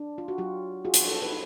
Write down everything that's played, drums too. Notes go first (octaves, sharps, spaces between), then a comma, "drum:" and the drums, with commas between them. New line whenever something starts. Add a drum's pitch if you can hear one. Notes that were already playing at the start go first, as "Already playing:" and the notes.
Already playing: D4
F4
F#4
F#3 F4 G4
F4 F#4 G#4
drum: hi-hat
G4 A4
B4